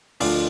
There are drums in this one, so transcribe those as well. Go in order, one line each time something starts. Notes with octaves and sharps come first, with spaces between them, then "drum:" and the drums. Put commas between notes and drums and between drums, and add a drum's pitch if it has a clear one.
D2 D3 F3 D4 F4, drum: open hi-hat